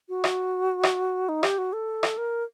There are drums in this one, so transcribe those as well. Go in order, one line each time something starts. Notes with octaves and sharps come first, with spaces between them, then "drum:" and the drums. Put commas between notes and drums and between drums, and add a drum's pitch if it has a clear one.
F#4
drum: rim click
drum: rim click
D#4
G4, drum: rim click
F#4
A4
drum: rim click
A#4